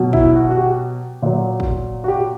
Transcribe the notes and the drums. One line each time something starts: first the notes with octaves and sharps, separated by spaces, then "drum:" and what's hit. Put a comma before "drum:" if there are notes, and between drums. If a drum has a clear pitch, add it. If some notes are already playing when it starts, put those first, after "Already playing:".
Already playing: B2 F#3
E4, drum: kick
F#4
F#4
G4
A#2 F#3
drum: kick
F#4
G4